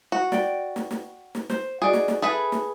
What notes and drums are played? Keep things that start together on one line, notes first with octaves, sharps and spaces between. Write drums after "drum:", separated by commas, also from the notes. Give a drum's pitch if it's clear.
F#4
D5 G5, drum: snare
drum: snare
drum: snare
drum: snare
C5, drum: snare
F#4 G#4 D5 D#5
drum: snare
drum: snare
G#4 A4 B4 E5
drum: snare